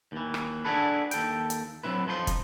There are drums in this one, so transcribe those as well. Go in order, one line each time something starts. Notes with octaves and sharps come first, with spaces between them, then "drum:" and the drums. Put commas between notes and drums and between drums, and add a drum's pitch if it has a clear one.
D#2 E3
drum: rim click
D4 E4 F#4 G#4 A4 B4
D#2 A4 G5, drum: hi-hat
drum: hi-hat
F#3 C4 E4 B4
F2 F3 D#4 C6
drum: kick, hi-hat